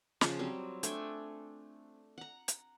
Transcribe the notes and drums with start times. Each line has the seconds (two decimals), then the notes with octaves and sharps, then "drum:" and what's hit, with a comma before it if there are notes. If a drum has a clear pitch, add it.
0.21 C#3 F3, drum: snare
0.39 F#3 G3 C4
0.83 A3 D4 G5 G#5, drum: hi-hat
2.18 F#5 A#5
2.48 drum: hi-hat